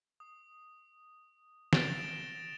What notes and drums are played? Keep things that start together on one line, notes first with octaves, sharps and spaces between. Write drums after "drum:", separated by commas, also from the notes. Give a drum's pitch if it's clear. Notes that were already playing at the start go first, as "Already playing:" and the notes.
D#6
A6 A#6 D7 E7 F7 G7, drum: snare